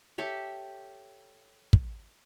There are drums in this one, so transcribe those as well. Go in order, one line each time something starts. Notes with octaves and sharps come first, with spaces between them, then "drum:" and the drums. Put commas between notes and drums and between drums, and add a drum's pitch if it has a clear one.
G4 A4 C#5 E5
drum: kick